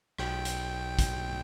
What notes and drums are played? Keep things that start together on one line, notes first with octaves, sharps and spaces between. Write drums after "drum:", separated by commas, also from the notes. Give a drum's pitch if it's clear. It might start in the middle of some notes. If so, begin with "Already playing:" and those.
B1 G5, drum: rim click
drum: hi-hat
drum: kick, hi-hat